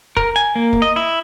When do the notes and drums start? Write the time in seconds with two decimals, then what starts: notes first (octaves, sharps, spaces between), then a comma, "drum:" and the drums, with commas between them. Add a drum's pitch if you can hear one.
0.17 A#4, drum: kick
0.36 G#5
0.55 A#3
0.73 drum: kick
0.82 D#5
0.96 E4